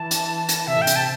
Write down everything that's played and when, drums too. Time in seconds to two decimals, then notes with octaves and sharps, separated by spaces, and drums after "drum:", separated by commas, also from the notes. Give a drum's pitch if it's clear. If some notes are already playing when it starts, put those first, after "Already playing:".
Already playing: E3 A5
0.11 drum: hi-hat
0.49 drum: hi-hat
0.67 C3 E5
0.77 A2
0.82 G5
0.87 C3, drum: hi-hat
0.96 A5